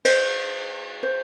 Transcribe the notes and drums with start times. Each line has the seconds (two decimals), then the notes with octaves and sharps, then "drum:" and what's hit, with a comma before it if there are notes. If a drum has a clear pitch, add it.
0.05 C5, drum: cymbal
1.03 C5